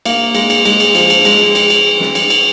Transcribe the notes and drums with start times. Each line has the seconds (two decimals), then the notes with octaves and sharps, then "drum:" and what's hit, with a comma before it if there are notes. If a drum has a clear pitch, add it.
0.05 A#3, drum: cymbal
0.35 G#3, drum: cymbal
0.50 drum: cymbal
0.65 G#3, drum: cymbal
0.80 drum: cymbal
0.95 F3, drum: cymbal
1.10 drum: cymbal
1.25 G#3, drum: cymbal
1.55 drum: cymbal
1.70 drum: cymbal
2.00 drum: snare
2.15 drum: cymbal
2.30 drum: cymbal